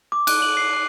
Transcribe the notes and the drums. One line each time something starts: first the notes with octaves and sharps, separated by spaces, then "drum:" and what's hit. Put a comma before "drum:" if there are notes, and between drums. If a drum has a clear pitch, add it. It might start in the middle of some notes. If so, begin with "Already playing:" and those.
D6
F#6, drum: cymbal
F#7
C7
F#6